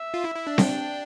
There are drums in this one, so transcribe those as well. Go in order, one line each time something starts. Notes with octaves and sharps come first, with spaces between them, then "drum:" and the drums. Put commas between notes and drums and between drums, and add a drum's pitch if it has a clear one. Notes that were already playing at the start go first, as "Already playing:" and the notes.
Already playing: E5
F4
E4
E4
D4
G5, drum: snare C4